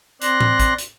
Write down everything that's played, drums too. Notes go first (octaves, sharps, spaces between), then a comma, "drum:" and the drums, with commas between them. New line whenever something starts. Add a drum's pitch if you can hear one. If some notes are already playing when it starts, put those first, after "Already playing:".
C4 D5 C6 F#6 A#6, drum: hi-hat
drum: tom A2
drum: kick, hi-hat
drum: hi-hat